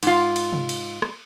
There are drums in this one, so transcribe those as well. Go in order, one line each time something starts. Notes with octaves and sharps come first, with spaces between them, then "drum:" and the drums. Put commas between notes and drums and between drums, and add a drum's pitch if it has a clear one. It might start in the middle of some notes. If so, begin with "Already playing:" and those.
G#2 F4, drum: cymbal
drum: cymbal
drum: tom C3
drum: cymbal
drum: rim click